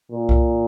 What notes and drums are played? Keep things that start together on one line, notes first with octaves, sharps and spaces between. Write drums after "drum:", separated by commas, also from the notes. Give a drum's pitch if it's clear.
A#2
drum: kick C2